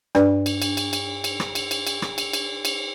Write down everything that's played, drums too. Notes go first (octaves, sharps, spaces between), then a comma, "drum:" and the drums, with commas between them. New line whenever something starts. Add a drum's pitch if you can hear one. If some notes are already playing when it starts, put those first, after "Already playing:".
G2 D4 B4 D5, drum: rim click
drum: cymbal
drum: cymbal
drum: cymbal
drum: cymbal
drum: cymbal
drum: rim click
drum: cymbal
drum: cymbal
drum: cymbal
drum: rim click
drum: cymbal
drum: cymbal
drum: cymbal